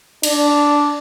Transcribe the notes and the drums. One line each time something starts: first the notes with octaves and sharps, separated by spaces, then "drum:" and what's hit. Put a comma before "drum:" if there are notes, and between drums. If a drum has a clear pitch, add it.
D4, drum: cymbal